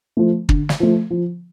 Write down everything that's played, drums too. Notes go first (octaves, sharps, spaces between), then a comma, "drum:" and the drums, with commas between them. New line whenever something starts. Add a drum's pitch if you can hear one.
F3 A3
D3, drum: kick
drum: snare
F3 A3
F3